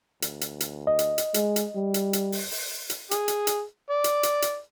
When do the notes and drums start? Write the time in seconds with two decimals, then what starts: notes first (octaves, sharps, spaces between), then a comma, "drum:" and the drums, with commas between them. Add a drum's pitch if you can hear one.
0.22 D2, drum: hi-hat
0.41 drum: hi-hat
0.60 drum: hi-hat
0.87 D#5
0.99 drum: hi-hat
1.18 drum: hi-hat
1.34 G#3, drum: hi-hat
1.56 drum: hi-hat
1.75 G3
1.94 drum: hi-hat
2.13 drum: hi-hat
2.32 drum: open hi-hat
2.51 drum: open hi-hat
2.90 drum: hi-hat
3.11 G#4, drum: hi-hat
3.28 drum: hi-hat
3.47 drum: hi-hat
3.90 D5
4.04 drum: hi-hat
4.23 drum: hi-hat
4.42 drum: hi-hat